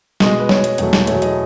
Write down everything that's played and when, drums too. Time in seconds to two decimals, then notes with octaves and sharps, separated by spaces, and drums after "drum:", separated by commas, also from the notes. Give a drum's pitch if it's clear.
0.20 B2 G#3 D#5, drum: snare
0.40 B4
0.49 B2 G#3 C#5, drum: snare
0.64 drum: hi-hat
0.78 E2 B2 F#3 A3, drum: hi-hat
0.93 drum: snare
1.07 E2 B2 F#3 A3 C#5, drum: hi-hat
1.22 D#5, drum: hi-hat